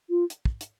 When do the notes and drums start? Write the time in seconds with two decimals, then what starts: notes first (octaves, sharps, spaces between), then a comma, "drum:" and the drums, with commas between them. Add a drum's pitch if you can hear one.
0.10 F4
0.30 drum: hi-hat
0.45 drum: kick
0.61 drum: hi-hat